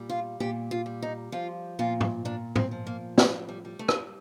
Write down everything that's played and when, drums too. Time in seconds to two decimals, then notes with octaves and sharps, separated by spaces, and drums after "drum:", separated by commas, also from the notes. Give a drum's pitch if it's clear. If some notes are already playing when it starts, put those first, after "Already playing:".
Already playing: A#2 G3
0.09 F4
0.40 A#2 G4
0.71 F4
0.86 G3
1.02 D#4
1.32 F3 F4
1.79 A#2 F4
2.01 drum: tom G#2
2.25 A#2 D4
2.56 C4, drum: tom G#2
2.71 F3
2.87 A#3
3.18 A2 A3, drum: snare
3.49 G3
3.65 G3
3.79 A3
3.88 drum: rim click